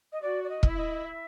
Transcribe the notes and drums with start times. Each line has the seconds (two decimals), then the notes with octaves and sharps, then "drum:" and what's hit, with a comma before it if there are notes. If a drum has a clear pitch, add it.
0.13 D#5
0.22 F#4 D5
0.44 D5
0.49 D#5
0.63 E4, drum: kick
0.69 E5
0.78 D#5
1.05 E5